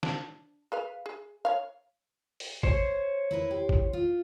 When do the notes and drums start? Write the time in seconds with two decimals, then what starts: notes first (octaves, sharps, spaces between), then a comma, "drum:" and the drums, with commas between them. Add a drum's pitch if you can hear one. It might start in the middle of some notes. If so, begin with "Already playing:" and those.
0.03 D4, drum: snare
0.72 G#4 B4 F5
1.06 G#4
1.45 C#5 F5
2.40 drum: open hi-hat
2.63 C5 C#5, drum: kick
3.31 E4 A#4 B4
3.51 G4
3.69 drum: kick
3.93 F4